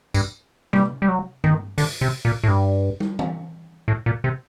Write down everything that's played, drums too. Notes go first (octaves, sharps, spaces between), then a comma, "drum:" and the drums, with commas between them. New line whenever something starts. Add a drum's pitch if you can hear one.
G2, drum: tambourine
G3, drum: tom C3
G3
F#3
D#3, drum: tom G2
D3, drum: open hi-hat
C3
A#2
A2
G2
drum: tom
drum: tom
A2
A#2
C3